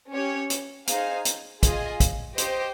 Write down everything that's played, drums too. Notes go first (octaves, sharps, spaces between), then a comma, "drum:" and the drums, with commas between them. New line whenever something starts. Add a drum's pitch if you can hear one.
C#4 G4 C#5
drum: hi-hat
D#4 G#4 C5 F5 G#5, drum: hi-hat
drum: hi-hat
F4 G#4 D#5 G#5, drum: kick, hi-hat
drum: kick, hi-hat
G4 C5 D#5, drum: hi-hat